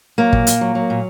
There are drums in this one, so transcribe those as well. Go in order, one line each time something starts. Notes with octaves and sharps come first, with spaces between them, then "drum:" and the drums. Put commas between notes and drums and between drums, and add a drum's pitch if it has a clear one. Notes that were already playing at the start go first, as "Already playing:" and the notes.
F#3 A#3
A#2, drum: kick
A#2, drum: hi-hat
F#3
F#3
A#2